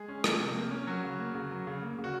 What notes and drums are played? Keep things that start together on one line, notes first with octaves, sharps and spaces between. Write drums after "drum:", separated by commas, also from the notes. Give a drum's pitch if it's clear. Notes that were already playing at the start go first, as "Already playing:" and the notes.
Already playing: G#3 G#4
C#4
F3, drum: rim click
C3
A#3
C#4
F#3 F#4
C#3
A#3
C#3
F#3
C#3
A#3
C#3
F#4